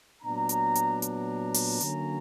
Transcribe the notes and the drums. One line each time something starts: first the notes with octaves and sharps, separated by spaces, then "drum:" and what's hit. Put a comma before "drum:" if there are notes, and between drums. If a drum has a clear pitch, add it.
A#2 F#3 B3 D4 A#5
drum: hi-hat
drum: hi-hat
A#5, drum: hi-hat
drum: open hi-hat
D3 F#3 A#3 C#4, drum: hi-hat